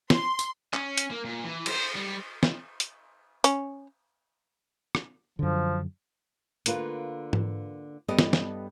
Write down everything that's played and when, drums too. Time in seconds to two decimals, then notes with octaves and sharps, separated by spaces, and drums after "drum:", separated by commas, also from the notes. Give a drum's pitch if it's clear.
0.10 C6, drum: snare
0.39 drum: tambourine
0.74 C#4, drum: clap
0.98 drum: hi-hat
1.11 A#3
1.25 A#2
1.44 E3
1.66 C5, drum: cymbal
1.95 G3
2.43 drum: snare
2.80 drum: hi-hat
3.44 C#4, drum: hi-hat
4.95 drum: rim click
5.39 F#2 D3 F3
6.66 D3 A#3 F4 B4, drum: hi-hat
7.33 drum: tom G#2
8.08 G2 G3 B3 A4 D5 D#5
8.19 drum: snare
8.33 drum: snare